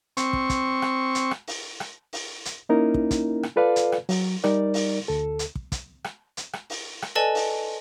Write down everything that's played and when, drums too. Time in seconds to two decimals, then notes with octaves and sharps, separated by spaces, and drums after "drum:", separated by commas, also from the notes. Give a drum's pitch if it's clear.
0.17 C4 C#6, drum: hi-hat
0.33 drum: kick
0.50 drum: kick, hi-hat
0.82 drum: rim click
1.15 drum: hi-hat
1.31 drum: rim click
1.47 drum: open hi-hat
1.80 drum: rim click
2.13 drum: open hi-hat
2.45 drum: hi-hat
2.69 A#3 C#4 D#4 E4 A#4
2.94 drum: kick
3.11 drum: kick, hi-hat
3.43 drum: rim click
3.56 F4 A4 B4 D5 F5
3.76 drum: hi-hat
3.92 drum: rim click
4.09 F#3, drum: open hi-hat
4.44 G3 D#4 A#4 D5, drum: rim click
4.74 drum: open hi-hat
5.08 D2 A4
5.39 drum: hi-hat
5.55 drum: kick
5.72 drum: kick, hi-hat
6.04 drum: rim click
6.37 drum: hi-hat
6.53 drum: rim click
6.70 drum: open hi-hat
7.02 drum: rim click
7.15 A4 B4 D5 D#5 G#5 A5
7.35 drum: open hi-hat